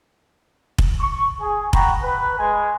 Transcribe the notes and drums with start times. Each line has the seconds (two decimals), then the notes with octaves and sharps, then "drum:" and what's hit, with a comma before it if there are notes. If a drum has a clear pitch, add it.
0.78 drum: kick
1.00 C#6
1.40 G#4
1.73 F#5 G5 A#5 B5 C#6, drum: kick
2.02 B4
2.39 G#3 G#5